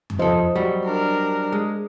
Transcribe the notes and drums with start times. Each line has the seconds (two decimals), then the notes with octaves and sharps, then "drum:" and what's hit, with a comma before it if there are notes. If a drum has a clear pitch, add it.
0.10 drum: tom F2
0.19 F3 A4 C5 D#5
0.56 F#3 G3 F#4
0.85 D4 A#4
1.53 G#3